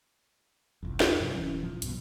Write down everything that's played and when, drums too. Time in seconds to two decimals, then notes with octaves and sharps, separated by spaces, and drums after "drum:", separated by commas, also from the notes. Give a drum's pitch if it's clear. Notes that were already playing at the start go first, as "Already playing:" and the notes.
0.83 G1 C2 F2
1.00 F2, drum: snare
1.20 G2 C3 F#3
1.35 D#1 G#1 E3 C#4
1.63 A#2 F3
1.82 B1 G2 B2, drum: hi-hat